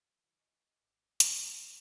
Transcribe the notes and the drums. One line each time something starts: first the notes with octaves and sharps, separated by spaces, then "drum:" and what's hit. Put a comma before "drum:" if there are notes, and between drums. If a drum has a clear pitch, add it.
D#3 F#3
D#5 G#5 C#6 D6
G#1 D6 F#6
drum: hi-hat
C7